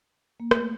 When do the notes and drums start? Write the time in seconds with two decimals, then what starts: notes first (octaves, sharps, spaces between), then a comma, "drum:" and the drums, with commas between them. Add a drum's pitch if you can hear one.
0.40 A#3
0.51 A3, drum: rim click